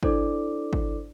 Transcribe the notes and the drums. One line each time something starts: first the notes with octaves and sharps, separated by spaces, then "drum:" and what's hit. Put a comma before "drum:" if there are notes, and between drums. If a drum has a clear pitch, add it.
D4 E4 A4 C5 D5 D6, drum: kick
drum: kick